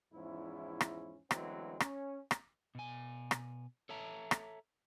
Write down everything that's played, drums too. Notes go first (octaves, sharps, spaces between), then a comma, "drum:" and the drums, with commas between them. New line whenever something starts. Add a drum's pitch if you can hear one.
E2 G#2 F3 C#4 E4
drum: rim click
D2 E3 F#3 G#3 B3 C4, drum: rim click
C#4, drum: rim click
drum: rim click
B2 G#5
drum: rim click
A4 C#5 E5 A5 A#5
drum: rim click